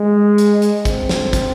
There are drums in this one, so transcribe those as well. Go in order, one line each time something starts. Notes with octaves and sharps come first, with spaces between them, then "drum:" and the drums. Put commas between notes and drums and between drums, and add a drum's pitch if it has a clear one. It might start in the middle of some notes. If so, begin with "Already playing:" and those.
Already playing: G#3
drum: hi-hat
drum: hi-hat
C4, drum: kick, hi-hat
drum: snare
drum: kick, hi-hat